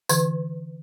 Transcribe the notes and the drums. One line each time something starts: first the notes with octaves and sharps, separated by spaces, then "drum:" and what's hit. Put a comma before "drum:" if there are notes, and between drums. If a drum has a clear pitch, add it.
D3 E3, drum: tambourine